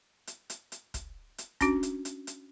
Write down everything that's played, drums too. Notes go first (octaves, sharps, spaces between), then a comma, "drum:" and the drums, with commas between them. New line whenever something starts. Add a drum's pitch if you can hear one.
drum: hi-hat
drum: hi-hat
drum: hi-hat
drum: kick, hi-hat
drum: hi-hat
C#4 D4 F#4, drum: kick, hi-hat
drum: hi-hat
drum: hi-hat
drum: hi-hat